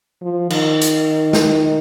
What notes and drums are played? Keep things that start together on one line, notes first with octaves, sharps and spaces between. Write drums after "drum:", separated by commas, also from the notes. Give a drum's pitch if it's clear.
F3
D#3, drum: cymbal
drum: hi-hat
drum: snare